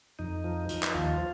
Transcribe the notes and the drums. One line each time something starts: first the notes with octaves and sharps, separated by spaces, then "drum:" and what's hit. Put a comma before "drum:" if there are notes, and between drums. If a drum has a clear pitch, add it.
F2 D#4
F3
F3, drum: hi-hat
drum: clap
D#2 F4